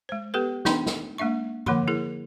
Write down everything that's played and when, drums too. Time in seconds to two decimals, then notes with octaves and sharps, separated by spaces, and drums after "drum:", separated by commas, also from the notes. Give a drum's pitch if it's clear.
0.09 G#3 C5
0.34 B3 G4 A4 B4
0.65 E3 B3 D4 D#4 G5 C6, drum: snare
0.86 drum: snare
1.18 G#3 A#3 D4 E5 C#6
1.66 D3 F3 A#3 F#5 B5 C6, drum: tom G2
1.87 E4 G#4 A#4